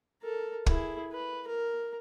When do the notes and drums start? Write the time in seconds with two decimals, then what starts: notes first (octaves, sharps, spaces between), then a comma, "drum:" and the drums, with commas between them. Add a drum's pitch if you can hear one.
0.22 A4 A#4
0.66 E4 G#4, drum: kick
1.13 B4
1.47 A#4